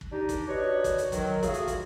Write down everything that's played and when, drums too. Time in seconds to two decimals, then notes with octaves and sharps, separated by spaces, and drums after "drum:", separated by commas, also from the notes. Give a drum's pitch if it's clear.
0.01 drum: kick
0.12 D4 D#4 G4
0.29 drum: kick, hi-hat
0.48 D4 D#4 F#4 B4 C#5
0.84 drum: kick, hi-hat
0.98 drum: hi-hat
1.12 D#3 F#3, drum: kick, hi-hat
1.43 A3 F4 F#4 G#4, drum: kick, hi-hat
1.54 drum: hi-hat
1.68 drum: kick, hi-hat